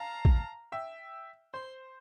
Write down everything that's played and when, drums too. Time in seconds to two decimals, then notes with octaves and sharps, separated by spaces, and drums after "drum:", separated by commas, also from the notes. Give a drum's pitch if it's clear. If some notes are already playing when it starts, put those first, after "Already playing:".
Already playing: F5 A5 A#5
0.25 drum: kick
0.72 E5 G5
1.54 C5 C6